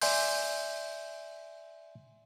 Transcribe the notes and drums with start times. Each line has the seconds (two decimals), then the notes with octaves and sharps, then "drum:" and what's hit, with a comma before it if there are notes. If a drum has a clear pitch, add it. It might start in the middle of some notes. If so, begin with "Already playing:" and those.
0.01 D5 E5 G#5 C6 G6, drum: open hi-hat